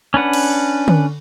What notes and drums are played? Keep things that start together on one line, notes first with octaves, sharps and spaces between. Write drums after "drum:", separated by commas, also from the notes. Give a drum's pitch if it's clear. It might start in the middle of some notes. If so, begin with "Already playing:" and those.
C#4 D4 B4 F#5
drum: cymbal
drum: tom D3